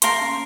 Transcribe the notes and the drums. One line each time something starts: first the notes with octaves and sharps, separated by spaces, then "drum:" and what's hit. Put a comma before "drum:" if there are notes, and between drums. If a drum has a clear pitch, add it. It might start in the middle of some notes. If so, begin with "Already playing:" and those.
A#3 A#4 F5 C6, drum: hi-hat
C#4